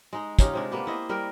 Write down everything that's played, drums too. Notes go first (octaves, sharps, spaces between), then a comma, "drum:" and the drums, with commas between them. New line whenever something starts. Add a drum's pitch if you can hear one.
G#3 D#4
C#4 D#4 F4 G4, drum: kick, hi-hat
C3 G#3 D4
A#3 B3 G4
E4 C5 D#5
G3 A#4 G5